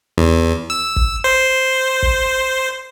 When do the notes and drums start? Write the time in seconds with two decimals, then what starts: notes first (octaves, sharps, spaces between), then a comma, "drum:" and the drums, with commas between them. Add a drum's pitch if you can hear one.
0.18 E2
0.70 E6
0.96 drum: kick
1.24 C5
2.03 drum: kick